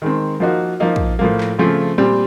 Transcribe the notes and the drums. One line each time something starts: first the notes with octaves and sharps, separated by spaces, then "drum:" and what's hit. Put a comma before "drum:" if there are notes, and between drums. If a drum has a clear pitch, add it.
D#3 G#3 C4
F3 A#3 D#4 F#4
F3 A#3 D#4
drum: kick
A2 F3 A#3
drum: clap
C#3 F3 A3 C4
A#2 G3 C4